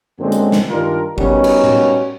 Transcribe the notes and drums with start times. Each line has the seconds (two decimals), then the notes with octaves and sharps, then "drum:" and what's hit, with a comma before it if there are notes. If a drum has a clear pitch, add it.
0.19 F#2 D3 G#3 A#3 C4
0.32 drum: hi-hat
0.52 drum: snare
0.70 G2 D#3 D4 F4 A#4
1.18 G3 B3 C#4 D#4 F#4 A#4, drum: kick A1
1.44 drum: cymbal
1.64 drum: tom A2